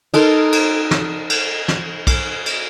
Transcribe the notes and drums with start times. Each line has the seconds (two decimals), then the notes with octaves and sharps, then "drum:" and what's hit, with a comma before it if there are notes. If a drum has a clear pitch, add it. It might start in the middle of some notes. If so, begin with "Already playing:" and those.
0.14 D#4 A4 A#4 C6, drum: cymbal
0.52 drum: cymbal
0.91 drum: snare
1.30 drum: cymbal
1.68 drum: snare
2.07 drum: kick, cymbal
2.46 drum: cymbal